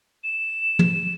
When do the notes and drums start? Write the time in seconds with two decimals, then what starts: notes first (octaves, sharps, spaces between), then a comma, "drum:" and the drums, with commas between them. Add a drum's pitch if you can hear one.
0.23 E7
0.79 drum: tom